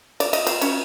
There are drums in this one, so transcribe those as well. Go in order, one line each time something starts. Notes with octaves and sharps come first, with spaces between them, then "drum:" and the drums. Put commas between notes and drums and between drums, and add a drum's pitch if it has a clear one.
D5, drum: cymbal
D#5, drum: cymbal
C4, drum: cymbal
C#4, drum: cymbal